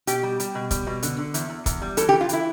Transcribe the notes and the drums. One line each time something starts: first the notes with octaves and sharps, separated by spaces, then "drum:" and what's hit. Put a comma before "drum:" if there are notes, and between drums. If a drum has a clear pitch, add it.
B2 G4, drum: hi-hat
G3
G3, drum: hi-hat
B2
G3, drum: kick, hi-hat
B2
D3, drum: hi-hat
D3
E2, drum: hi-hat
E2
E2, drum: kick, hi-hat
G3
E3 A4, drum: hi-hat
G4
E3
F4
E3 E4, drum: hi-hat